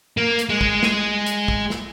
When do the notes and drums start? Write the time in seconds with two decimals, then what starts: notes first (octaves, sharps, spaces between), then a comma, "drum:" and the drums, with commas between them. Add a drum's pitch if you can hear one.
0.17 A#3
0.39 drum: hi-hat
0.50 G#3
0.61 drum: kick
0.83 drum: snare
1.26 drum: hi-hat
1.48 drum: kick
1.70 drum: snare